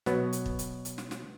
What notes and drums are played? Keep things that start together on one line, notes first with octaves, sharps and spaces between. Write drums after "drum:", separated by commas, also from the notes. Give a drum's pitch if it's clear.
B2 F#3 B3, drum: snare
drum: hi-hat
drum: kick
drum: hi-hat
drum: hi-hat
drum: snare
drum: snare